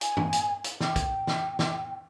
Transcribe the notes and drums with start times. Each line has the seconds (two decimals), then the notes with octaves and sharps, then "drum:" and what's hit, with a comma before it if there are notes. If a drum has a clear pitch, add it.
0.01 G#5, drum: hi-hat
0.17 drum: tom
0.33 drum: hi-hat
0.64 drum: hi-hat
0.81 G5, drum: snare
0.96 drum: kick, hi-hat
1.27 drum: snare
1.59 drum: snare